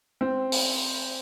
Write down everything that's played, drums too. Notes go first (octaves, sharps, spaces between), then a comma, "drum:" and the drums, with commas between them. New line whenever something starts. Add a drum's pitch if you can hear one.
C4
drum: open hi-hat